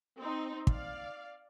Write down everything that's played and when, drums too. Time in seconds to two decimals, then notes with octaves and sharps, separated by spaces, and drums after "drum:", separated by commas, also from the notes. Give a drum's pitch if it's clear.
0.19 C4 D#4
0.67 D5 F5, drum: kick